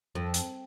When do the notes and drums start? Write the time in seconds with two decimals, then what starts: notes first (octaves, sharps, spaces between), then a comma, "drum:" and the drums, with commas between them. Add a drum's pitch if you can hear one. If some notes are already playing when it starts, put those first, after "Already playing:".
0.15 F2
0.34 drum: hi-hat